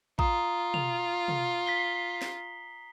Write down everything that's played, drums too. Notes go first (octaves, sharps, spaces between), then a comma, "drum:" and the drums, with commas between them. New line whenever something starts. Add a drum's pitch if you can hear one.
F4 A#5 D#6, drum: kick A1
F7, drum: tom
drum: tom
B6 C7 G7
drum: snare